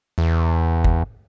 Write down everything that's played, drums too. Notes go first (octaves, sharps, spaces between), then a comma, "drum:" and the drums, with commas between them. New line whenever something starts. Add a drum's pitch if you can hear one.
E2
drum: kick G1